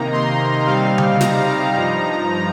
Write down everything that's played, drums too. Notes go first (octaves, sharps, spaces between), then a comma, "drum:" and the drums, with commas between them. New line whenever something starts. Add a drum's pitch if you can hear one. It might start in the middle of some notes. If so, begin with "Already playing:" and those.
Already playing: C3 D#3 A#3 D#4 A#5
C6
C3 G3 C4 D#4 F5
drum: tom C#3
A#5, drum: snare
G2 F3 D#4